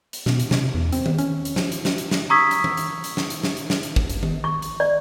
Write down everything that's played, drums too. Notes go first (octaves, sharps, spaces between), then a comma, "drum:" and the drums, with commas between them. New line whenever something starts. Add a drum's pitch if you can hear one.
drum: hi-hat
B2, drum: snare
drum: hi-hat
C3, drum: snare
E2
C4, drum: hi-hat
drum: tom D#3
C#4, drum: hi-hat
drum: hi-hat
F3, drum: snare
drum: hi-hat
drum: snare
drum: hi-hat
drum: snare
A#5 C#6 D#6 E6 G#6 B6
drum: hi-hat
drum: tom E3
drum: hi-hat
drum: hi-hat
drum: snare
drum: hi-hat
drum: snare
drum: hi-hat
drum: snare
drum: hi-hat
drum: kick
drum: hi-hat
drum: tom D#3
C#6
drum: hi-hat
D5